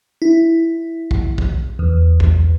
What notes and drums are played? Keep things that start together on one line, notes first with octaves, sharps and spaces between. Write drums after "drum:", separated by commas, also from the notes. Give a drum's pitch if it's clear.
E4
drum: kick B1
drum: kick B1
E2
drum: kick B1